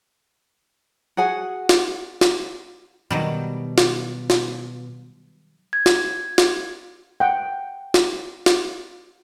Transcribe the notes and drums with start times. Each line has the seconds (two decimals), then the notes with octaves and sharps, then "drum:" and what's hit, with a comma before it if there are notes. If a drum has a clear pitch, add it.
1.17 F#4 G#4 F#5 G#5
1.69 drum: snare
2.21 drum: snare
3.11 B2 D#3 F#3 G3 D5
3.78 drum: snare
4.30 drum: snare
5.73 G#6
5.86 drum: snare
6.38 drum: snare
7.20 F#5 G5
7.94 drum: snare
8.46 drum: snare